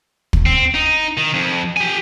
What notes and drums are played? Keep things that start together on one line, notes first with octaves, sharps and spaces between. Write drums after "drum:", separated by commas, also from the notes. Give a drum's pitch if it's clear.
drum: kick
C4
D#4
D#3
F2
G4 G#5